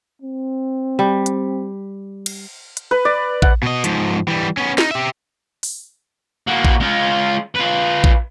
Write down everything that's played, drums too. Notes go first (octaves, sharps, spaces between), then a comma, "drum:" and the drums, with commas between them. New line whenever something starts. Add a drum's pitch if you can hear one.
C4
G3
drum: hi-hat
drum: cymbal
drum: hi-hat
B4
D5
F#5, drum: kick A#1
B2 D#5
G#2 F3, drum: hi-hat
E3 G3
B3 C#4
D#4, drum: snare
G4 E5
drum: open hi-hat
A#3 F#4
drum: kick A#1
G#3 F4
F4 B4
drum: kick A#1